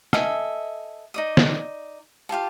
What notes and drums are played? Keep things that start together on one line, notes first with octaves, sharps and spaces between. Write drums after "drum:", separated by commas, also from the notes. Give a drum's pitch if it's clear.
A4 D#5 E5 G#5, drum: rim click
D#4 D5 D#6
drum: snare
F4 G4 F5 A5